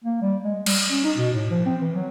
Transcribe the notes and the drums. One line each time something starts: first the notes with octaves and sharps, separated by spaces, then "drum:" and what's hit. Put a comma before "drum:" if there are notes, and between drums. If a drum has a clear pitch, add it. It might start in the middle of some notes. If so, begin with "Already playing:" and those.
A#3
G3
G#3
G3, drum: cymbal
C#4
D#4
B2
A2
F3
C4
E3
F#3